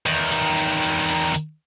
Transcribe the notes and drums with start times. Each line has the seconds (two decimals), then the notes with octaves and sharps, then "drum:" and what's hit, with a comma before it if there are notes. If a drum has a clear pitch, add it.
0.06 E2 D#3, drum: hi-hat
0.32 drum: hi-hat
0.57 drum: hi-hat
0.83 drum: hi-hat
1.09 drum: hi-hat
1.34 drum: hi-hat